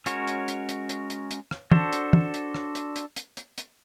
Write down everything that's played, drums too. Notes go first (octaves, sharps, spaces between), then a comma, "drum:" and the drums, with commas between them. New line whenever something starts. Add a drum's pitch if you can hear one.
G#3 C#4 F#4 A#4 C#5, drum: hi-hat
drum: hi-hat
drum: hi-hat
drum: hi-hat
drum: hi-hat
drum: hi-hat
drum: hi-hat
drum: rim click
D4 F#4 A4 C5, drum: tom
drum: hi-hat
drum: tom
drum: hi-hat
drum: rim click
drum: hi-hat
drum: hi-hat
drum: hi-hat
drum: hi-hat
drum: hi-hat